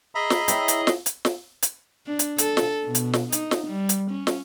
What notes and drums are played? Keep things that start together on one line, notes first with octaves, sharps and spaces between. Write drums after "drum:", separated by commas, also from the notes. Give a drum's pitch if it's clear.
G#4 D#5 E5 A#5 B5
drum: snare
E4 C#5 G5, drum: hi-hat
drum: hi-hat
drum: snare
drum: hi-hat
drum: snare
drum: hi-hat
D4
drum: hi-hat
A4, drum: hi-hat
drum: snare
B2
drum: hi-hat
drum: snare
D#4, drum: hi-hat
drum: snare
G3
drum: hi-hat
C#4
drum: snare